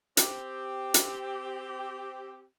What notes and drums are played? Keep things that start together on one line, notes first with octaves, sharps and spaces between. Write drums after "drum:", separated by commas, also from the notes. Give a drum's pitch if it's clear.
C4 G4, drum: hi-hat
drum: hi-hat